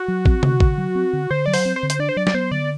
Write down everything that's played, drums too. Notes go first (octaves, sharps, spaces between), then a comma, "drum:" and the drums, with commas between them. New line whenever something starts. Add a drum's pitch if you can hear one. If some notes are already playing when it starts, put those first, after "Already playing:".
Already playing: F#4
F#3
C4, drum: kick A1
D3, drum: tom C3
D3, drum: kick A1
F#3
C4
D3
D3 C5
F#3 D5
C5, drum: open hi-hat
C4
C5
D3
C5, drum: hi-hat
D4 D5
C5
F#3 D5
D5, drum: snare
B3 C5
D3 D5